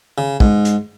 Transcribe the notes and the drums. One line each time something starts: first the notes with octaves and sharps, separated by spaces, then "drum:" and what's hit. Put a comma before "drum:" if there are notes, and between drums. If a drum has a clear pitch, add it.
C#3
G#2, drum: kick
drum: hi-hat